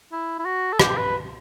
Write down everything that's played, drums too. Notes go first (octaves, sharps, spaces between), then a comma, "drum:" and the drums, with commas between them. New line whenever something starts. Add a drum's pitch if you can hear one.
E4
E4
F#4
A4
G4, drum: rim click
B4